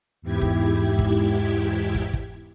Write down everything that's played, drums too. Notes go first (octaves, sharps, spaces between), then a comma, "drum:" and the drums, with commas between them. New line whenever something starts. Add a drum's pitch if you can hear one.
E2 G#2 E4 G4 G#6
drum: kick
drum: kick
drum: kick
drum: kick